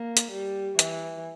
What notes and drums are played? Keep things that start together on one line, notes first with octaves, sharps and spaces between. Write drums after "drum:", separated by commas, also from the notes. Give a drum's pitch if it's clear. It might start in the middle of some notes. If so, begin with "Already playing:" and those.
Already playing: A#3
drum: hi-hat
G3
E3, drum: hi-hat